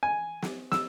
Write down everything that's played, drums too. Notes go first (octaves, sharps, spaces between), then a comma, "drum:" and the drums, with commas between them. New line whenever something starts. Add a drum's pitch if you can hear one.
G#5
drum: snare
E6, drum: snare